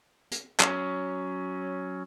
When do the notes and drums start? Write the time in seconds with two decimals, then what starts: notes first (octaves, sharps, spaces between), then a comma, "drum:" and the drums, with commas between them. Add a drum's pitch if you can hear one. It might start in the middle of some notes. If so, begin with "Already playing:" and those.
0.31 drum: hi-hat
0.60 F#3 C#4, drum: clap